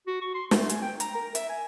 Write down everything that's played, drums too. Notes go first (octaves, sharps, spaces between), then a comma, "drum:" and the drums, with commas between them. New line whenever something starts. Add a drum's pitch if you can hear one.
F#4
C#6
C6
A3, drum: snare
G#5, drum: hi-hat
G5
A#5, drum: hi-hat
A#4
E5, drum: hi-hat
G#5